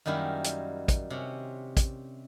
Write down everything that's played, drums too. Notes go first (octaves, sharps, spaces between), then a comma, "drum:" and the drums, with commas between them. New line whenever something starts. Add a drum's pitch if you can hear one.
F#2 D#3 G3 A#3 E4
drum: hi-hat
drum: kick, hi-hat
C3 C#4
drum: kick, hi-hat